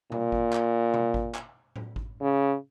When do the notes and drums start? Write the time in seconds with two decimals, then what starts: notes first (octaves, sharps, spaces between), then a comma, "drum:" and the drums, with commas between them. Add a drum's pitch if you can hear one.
0.12 A#2, drum: tom B2
0.32 drum: kick G#1
0.53 drum: clap
0.94 drum: tom B2
1.14 drum: kick G#1
1.35 drum: clap
1.76 drum: tom A2
1.96 drum: kick G#1
2.21 C#3